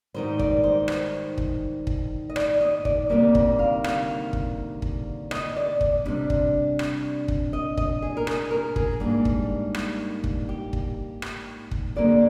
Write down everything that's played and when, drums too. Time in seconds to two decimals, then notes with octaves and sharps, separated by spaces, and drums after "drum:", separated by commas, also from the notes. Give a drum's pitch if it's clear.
0.14 G#2 D#3 G3 C5
0.39 D5, drum: kick
0.64 C5
0.88 C5, drum: rim click
1.38 drum: kick
1.87 drum: kick
2.30 D#5
2.36 D5, drum: rim click
2.61 D#5
2.85 D5, drum: kick
3.10 D2 C3 D#3 G3 A#3 D5
3.35 D5, drum: kick
3.59 F5
3.84 F5, drum: rim click
4.33 drum: kick
4.82 drum: kick
5.31 D#5, drum: rim click
5.56 D5
5.81 drum: kick
6.05 C3 G3 D4
6.30 drum: kick
6.79 drum: rim click
7.28 drum: kick
7.53 D#5
7.77 D#5, drum: kick
8.02 G#4
8.17 A#4
8.27 G#4, drum: rim click
8.51 A#4
8.76 G#4, drum: kick
9.00 G#2 G3 A#3 D4
9.25 drum: kick
9.74 drum: rim click
10.24 drum: kick
10.49 G4
10.73 drum: kick
11.22 drum: rim click
11.71 drum: kick
11.96 F2 D3 G3 A#3 D5